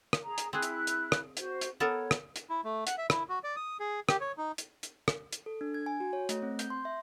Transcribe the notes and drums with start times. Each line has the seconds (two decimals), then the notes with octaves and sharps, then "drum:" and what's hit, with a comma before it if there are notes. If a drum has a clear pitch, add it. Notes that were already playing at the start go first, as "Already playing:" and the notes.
0.13 drum: rim click
0.24 G#4 A#5
0.38 drum: hi-hat
0.53 C4 E4 G#4 F#6
0.62 drum: hi-hat
0.87 drum: hi-hat
1.12 drum: rim click
1.37 F#4 C5, drum: hi-hat
1.61 drum: hi-hat
1.80 B3 A4 A#4 C#5
2.11 drum: rim click
2.36 drum: hi-hat
2.50 E4
2.64 A3
2.87 F#5, drum: hi-hat
2.98 E5
3.10 E4, drum: rim click
3.29 F#4
3.44 D5
3.56 D#6
3.80 G#4
4.09 G4, drum: rim click
4.21 C#5
4.37 D#4
4.58 drum: hi-hat
4.83 drum: hi-hat
5.08 drum: rim click
5.32 drum: hi-hat
5.46 A4
5.61 D4
5.74 G#6
5.86 G#5
6.00 F#4
6.13 C#5
6.29 A3, drum: hi-hat
6.42 C4
6.59 G6, drum: hi-hat
6.70 C6
6.85 E5